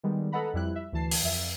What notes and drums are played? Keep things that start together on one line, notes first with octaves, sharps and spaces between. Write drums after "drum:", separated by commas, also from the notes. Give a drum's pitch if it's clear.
D#3 G3 G#3 B3
A4 B4 D#5 F#5 A#5 B5
F2 G3 E4 F#6
E5
D2 E3 A5 C7
drum: open hi-hat
F2 E5